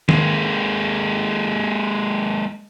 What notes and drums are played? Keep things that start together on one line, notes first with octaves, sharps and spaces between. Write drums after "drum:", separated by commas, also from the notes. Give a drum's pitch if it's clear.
G#3 A#3, drum: tom D#3